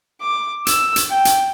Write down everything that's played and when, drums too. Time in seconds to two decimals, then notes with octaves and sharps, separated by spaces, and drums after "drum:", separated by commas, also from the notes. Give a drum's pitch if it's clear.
0.21 D6
0.67 E6, drum: hi-hat
0.96 drum: hi-hat
1.10 G5
1.25 drum: hi-hat